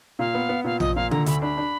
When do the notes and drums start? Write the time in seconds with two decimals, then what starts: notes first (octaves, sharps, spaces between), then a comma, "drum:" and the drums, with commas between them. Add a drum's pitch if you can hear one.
0.19 A#2 F5
0.34 B3
0.49 B3
0.64 A#2 F5
0.80 F3 D#5, drum: tom A#1
0.96 A#2 F5
1.11 D3 A#5, drum: tom D3
1.26 D2 B5, drum: hi-hat
1.42 D4 B5
1.57 D4